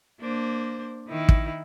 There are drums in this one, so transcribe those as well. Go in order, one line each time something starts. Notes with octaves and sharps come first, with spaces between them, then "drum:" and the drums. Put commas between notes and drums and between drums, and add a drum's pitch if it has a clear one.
A#3 D4 C5
D#3 D#4 E4
drum: kick